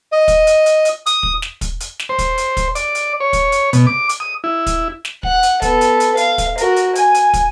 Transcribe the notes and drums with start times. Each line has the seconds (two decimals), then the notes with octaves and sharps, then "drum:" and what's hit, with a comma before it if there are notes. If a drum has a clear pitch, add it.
0.12 D#5
0.28 drum: kick, hi-hat
0.47 drum: hi-hat
0.66 drum: hi-hat
0.85 drum: hi-hat
1.06 D#6, drum: hi-hat
1.23 drum: kick
1.42 drum: snare
1.61 drum: kick, hi-hat
1.80 drum: hi-hat
1.99 drum: snare
2.09 C5
2.19 drum: kick, hi-hat
2.38 drum: hi-hat
2.57 drum: kick, hi-hat
2.75 D5, drum: hi-hat
2.95 drum: hi-hat
3.20 C#5
3.33 drum: kick, hi-hat
3.52 drum: hi-hat
3.73 B2, drum: hi-hat
3.87 D6
4.09 drum: hi-hat
4.20 D#6
4.44 E4
4.66 drum: kick, hi-hat
5.05 drum: snare
5.23 F#5, drum: kick
5.43 drum: hi-hat
5.62 B3 A4, drum: kick, hi-hat
5.81 drum: hi-hat
6.00 drum: hi-hat
6.17 F5, drum: hi-hat
6.38 drum: kick, hi-hat
6.58 F#4 A#4, drum: hi-hat
6.76 drum: hi-hat
6.95 G#5, drum: hi-hat
7.14 drum: hi-hat
7.34 drum: kick, hi-hat